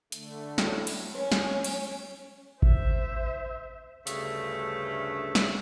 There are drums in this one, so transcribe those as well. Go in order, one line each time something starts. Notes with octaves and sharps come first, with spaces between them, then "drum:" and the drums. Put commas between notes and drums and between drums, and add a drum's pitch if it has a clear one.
D3 A3, drum: hi-hat
A2 F#3 C#5 G5, drum: snare
drum: cymbal
C#4
drum: snare
drum: cymbal
C5 E5, drum: kick G#1
D2 G2 C#3 A3 C#5 E5, drum: hi-hat
drum: snare